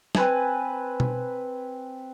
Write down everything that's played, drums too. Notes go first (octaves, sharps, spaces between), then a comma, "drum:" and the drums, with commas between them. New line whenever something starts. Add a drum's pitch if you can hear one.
C4 B4 G#5 A5, drum: snare
drum: tom B2